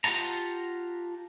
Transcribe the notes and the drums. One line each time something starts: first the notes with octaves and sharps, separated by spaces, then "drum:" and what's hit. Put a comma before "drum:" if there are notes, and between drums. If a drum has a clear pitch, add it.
F4 G4 F#5 A5 A#5, drum: open hi-hat